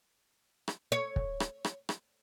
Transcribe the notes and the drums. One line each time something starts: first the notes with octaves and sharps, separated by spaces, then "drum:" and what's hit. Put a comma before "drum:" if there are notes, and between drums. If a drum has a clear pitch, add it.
drum: rim click
C#5
drum: kick
drum: rim click
drum: rim click
drum: rim click